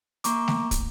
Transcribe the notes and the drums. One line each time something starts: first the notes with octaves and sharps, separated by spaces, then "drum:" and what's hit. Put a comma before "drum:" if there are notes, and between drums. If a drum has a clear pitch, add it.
A#3 A#5 C#6 D6, drum: hi-hat
drum: snare A3
drum: kick, hi-hat